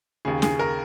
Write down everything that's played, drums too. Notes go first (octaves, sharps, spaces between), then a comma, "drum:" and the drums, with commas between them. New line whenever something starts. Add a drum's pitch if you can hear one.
D#2 C#3 G#4
G#4, drum: snare
A#4